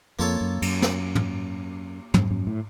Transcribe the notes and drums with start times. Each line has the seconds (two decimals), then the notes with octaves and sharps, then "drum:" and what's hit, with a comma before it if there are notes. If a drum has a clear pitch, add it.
0.19 F2 A#3 F4 A4 C#5
0.41 F#2
0.62 F#2, drum: cymbal
0.82 drum: snare
1.15 drum: tom
2.14 F#2, drum: tom
2.31 F#2
2.47 A2